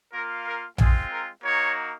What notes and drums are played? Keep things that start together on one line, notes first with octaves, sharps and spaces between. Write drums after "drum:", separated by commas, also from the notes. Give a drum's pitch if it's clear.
A#3 F4 A#4
A#4
G#3 C4 F4 G#4, drum: tom A#1
A#4
A#3 D#4 F#4 C#5